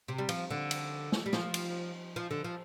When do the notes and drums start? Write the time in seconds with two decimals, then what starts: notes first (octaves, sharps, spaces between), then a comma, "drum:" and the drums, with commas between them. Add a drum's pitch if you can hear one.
0.08 C3
0.18 G3
0.29 F3, drum: cymbal
0.50 D3
0.71 drum: cymbal
1.12 drum: snare
1.26 G3
1.33 F3, drum: snare
1.54 drum: cymbal
2.16 F3
2.31 D3
2.44 F3